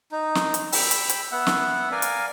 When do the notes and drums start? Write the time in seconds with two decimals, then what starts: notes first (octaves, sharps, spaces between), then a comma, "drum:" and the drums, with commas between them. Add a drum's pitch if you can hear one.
0.12 D#4
0.35 drum: snare
0.54 drum: hi-hat
0.72 G5 B5 E6, drum: open hi-hat
0.91 drum: hi-hat
1.09 drum: hi-hat
1.32 B3 E5 F#5
1.47 drum: snare
1.91 A#4 D5 F5 G#5
2.02 drum: hi-hat